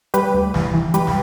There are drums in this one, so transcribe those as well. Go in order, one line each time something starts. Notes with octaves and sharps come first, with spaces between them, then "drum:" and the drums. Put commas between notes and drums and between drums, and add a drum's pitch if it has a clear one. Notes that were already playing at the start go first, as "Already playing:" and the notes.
G3 G4 B4, drum: hi-hat
D2
E3, drum: snare
E3
G3 G4 B4, drum: hi-hat
drum: snare